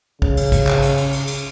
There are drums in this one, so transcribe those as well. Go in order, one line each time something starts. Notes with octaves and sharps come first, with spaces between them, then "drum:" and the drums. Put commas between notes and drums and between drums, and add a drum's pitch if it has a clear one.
C#3, drum: kick
drum: cymbal
drum: kick, cymbal
drum: clap
drum: cymbal
drum: cymbal
drum: cymbal
drum: cymbal